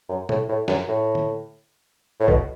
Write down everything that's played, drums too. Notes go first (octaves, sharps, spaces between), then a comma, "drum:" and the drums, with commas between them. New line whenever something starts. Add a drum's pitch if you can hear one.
F#2
A2, drum: tom
A2
F#2, drum: snare
A2
drum: tom
A2
B2, drum: kick A1